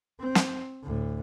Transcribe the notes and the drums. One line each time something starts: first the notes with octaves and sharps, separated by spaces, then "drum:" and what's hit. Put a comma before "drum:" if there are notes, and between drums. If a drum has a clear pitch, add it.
C4
drum: snare
D2 A2